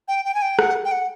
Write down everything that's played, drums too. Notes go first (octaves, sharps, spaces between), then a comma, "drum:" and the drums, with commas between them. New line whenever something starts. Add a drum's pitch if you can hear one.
G5
G5
G#5
G5
F#5, drum: rim click
G5
F#5